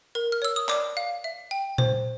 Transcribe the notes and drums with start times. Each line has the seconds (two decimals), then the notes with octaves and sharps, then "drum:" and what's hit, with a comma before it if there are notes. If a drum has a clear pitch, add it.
0.15 A#4
0.32 F6
0.42 C#5 E6
0.56 D#6
0.69 D5 D6, drum: clap
0.97 F5
1.24 E5
1.51 G5
1.78 C5, drum: tom A#2